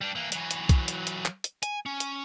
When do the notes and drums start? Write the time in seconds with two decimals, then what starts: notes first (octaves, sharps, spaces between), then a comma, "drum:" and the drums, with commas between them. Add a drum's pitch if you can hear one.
0.01 G3 D4
0.15 E3 A#3
0.32 E3 F#3, drum: hi-hat
0.51 drum: hi-hat
0.69 drum: kick B1, hi-hat
0.88 drum: hi-hat
1.07 drum: hi-hat
1.25 drum: clap
1.44 drum: hi-hat
1.63 G#5, drum: hi-hat
1.86 C#4
2.00 drum: hi-hat